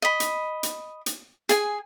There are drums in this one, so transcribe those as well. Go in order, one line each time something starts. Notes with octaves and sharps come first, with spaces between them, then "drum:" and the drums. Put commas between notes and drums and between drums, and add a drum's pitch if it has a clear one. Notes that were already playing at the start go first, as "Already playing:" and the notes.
D#5 B5
drum: hi-hat
drum: hi-hat
drum: hi-hat
G#4 G#5, drum: hi-hat